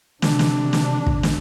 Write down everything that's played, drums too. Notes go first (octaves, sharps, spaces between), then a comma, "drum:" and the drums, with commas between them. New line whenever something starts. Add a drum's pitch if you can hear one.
C3 D4, drum: snare
drum: snare
drum: snare
drum: kick
drum: snare